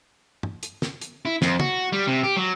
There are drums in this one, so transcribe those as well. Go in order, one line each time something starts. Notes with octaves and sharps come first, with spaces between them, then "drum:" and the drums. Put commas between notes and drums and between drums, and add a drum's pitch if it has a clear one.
drum: tom
drum: hi-hat
drum: snare
drum: hi-hat
E4
F2, drum: snare
F#4, drum: tom
G3
C3
G4
F#3